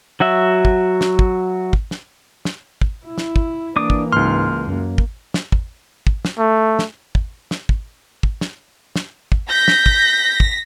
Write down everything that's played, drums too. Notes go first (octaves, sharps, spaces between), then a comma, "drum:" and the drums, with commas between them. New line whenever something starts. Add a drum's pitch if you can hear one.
F#3 F#4 E5
drum: kick
drum: snare
drum: kick
drum: kick
drum: snare
drum: snare
drum: kick
E4
drum: snare
drum: kick
E3 A#3 D4 D6 D#6
drum: kick
C#2 G#2 C6 F6
F#2 A#3
drum: kick
drum: snare
drum: kick
drum: kick
drum: snare
A3
drum: snare
drum: kick
drum: snare
drum: kick
drum: kick
drum: snare
drum: snare
drum: kick
G6 A#6 B6
drum: snare
drum: kick
drum: kick